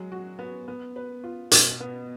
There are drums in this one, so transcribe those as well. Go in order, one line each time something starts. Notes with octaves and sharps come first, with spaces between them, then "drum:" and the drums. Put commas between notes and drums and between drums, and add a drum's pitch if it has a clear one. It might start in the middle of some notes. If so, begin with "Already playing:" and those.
Already playing: F#3 G#3
F#4
B3
B3
B4
F4
B2, drum: hi-hat
B3